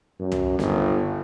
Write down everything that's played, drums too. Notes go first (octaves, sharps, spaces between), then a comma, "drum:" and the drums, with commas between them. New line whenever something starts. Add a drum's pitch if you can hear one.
F#2
drum: tom
G1, drum: snare